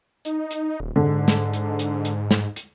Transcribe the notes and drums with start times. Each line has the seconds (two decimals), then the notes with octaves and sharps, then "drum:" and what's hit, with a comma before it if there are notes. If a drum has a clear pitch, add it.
0.25 D#4, drum: hi-hat
0.51 drum: hi-hat
0.80 D#1
0.96 G#2 D3
1.28 drum: snare
1.54 drum: hi-hat
1.79 drum: hi-hat
2.05 drum: hi-hat
2.31 drum: snare
2.56 drum: hi-hat